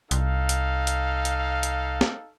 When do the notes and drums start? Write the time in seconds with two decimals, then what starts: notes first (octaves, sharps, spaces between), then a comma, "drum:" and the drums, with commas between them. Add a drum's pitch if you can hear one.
0.11 C2 D#4 A4 F5, drum: hi-hat
0.49 drum: hi-hat
0.87 drum: hi-hat
1.25 drum: hi-hat
1.63 drum: hi-hat
2.01 drum: snare